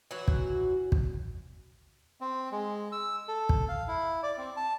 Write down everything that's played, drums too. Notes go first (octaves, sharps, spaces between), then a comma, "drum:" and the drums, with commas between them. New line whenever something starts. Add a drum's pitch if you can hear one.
E3 F#3 F#4
drum: kick
drum: kick
C4
G#3
E6
A4
drum: kick
F5
E4
D5
C4
A5